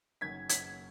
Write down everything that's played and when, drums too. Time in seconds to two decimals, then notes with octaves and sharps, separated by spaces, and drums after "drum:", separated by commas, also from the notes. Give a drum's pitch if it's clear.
0.21 F#1 F#2 D#3 F#3 C#4 G#6 B6
0.49 G#6 B6, drum: hi-hat